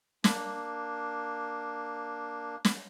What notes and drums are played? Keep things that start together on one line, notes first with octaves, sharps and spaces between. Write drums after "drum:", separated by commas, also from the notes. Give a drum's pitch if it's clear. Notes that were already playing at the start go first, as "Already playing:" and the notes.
A#3 D4, drum: snare
drum: snare